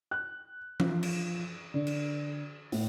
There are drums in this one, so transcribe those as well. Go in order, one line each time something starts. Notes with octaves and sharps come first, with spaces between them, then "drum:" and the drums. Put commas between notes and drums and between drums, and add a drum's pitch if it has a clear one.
F#6
F3, drum: tom E3
drum: cymbal
D3
drum: cymbal
A2, drum: open hi-hat